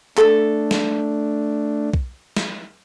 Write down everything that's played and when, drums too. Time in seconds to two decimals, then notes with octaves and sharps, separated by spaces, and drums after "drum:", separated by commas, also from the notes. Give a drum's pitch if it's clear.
0.18 A3 D4 A4, drum: clap
0.71 drum: snare
1.94 drum: kick B1
2.37 drum: snare